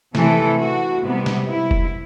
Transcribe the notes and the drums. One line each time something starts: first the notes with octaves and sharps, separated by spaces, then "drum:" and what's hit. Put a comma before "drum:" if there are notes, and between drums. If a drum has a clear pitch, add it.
C3 E3 A3 A4, drum: snare
F#4
C3 G3 B3
drum: snare
E4
drum: kick F1